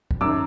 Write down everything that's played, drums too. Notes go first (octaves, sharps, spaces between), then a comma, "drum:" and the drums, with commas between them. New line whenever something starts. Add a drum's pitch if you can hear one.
drum: kick C2
F#2 D#3 D6 E6